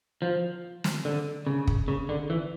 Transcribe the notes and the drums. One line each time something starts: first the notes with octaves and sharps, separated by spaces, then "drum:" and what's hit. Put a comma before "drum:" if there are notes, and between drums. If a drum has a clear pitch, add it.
F3
drum: snare
D3
C#3
drum: kick
C#3
D3
E3